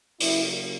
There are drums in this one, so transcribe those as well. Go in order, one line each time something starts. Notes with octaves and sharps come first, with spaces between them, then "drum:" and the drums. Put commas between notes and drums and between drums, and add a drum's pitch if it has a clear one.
C#3 F#3 A#3 E4, drum: open hi-hat